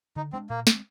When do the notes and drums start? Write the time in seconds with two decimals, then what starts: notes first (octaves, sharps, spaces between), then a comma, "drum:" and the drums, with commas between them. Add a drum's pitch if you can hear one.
0.16 D3 D#4
0.33 G#3 C4 D4
0.50 A#2 A#3
0.67 G#3 C4, drum: snare